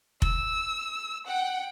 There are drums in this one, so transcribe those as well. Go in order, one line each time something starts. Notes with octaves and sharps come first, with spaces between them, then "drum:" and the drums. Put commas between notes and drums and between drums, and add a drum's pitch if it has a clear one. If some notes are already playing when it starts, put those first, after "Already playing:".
E6, drum: kick F1
F#5 G5